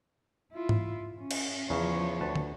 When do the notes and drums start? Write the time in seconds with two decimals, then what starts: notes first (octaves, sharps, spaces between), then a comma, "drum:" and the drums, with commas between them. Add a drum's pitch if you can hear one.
0.53 E4 F4
0.69 drum: tom G#2
1.19 C#4
1.31 drum: cymbal
1.70 E2 C#3 F3 C#5
2.21 D2 B4 A5
2.35 drum: tom